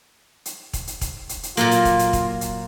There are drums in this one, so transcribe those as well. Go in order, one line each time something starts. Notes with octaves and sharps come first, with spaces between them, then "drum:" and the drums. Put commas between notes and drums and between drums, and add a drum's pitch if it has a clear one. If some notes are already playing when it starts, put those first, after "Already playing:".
drum: hi-hat
drum: kick E1, hi-hat
drum: hi-hat
drum: kick E1, hi-hat
drum: hi-hat
drum: hi-hat
A#2 F#3 A#3 F4, drum: hi-hat
drum: hi-hat
drum: kick E1, hi-hat
drum: hi-hat
drum: kick E1, hi-hat
drum: hi-hat